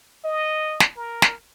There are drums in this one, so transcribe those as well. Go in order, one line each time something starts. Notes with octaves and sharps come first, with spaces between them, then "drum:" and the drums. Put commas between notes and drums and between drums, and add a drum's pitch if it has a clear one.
D#5
drum: snare
A#4
drum: snare